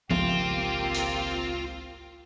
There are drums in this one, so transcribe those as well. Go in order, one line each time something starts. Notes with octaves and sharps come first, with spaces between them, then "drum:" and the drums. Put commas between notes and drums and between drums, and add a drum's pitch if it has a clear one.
G#1 C#2 A#3 C4 F4 G4, drum: tom F3
drum: hi-hat